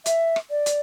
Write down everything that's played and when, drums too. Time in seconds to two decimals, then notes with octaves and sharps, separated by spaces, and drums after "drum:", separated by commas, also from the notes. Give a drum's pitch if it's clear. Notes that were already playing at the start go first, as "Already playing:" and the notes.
0.06 E5, drum: hi-hat
0.36 drum: rim click
0.51 D5
0.66 drum: hi-hat